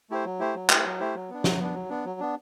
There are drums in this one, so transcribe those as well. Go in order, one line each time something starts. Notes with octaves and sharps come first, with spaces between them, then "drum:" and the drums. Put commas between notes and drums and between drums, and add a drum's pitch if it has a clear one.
A3 E4 G4 C5
F#3
A3 E4 G4 C5
F#3
A3 E4 G4 C5, drum: clap
F#3
A3 E4 G4 C5
F#3
B3 D4
F#3, drum: snare
B3 D4
F#3
B3 D4
F#3
B3 D4